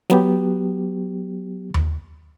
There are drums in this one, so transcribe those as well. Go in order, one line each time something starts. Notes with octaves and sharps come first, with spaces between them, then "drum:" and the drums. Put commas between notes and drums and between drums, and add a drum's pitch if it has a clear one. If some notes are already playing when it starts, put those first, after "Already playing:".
F#3 B3 G4, drum: snare
drum: tom D#2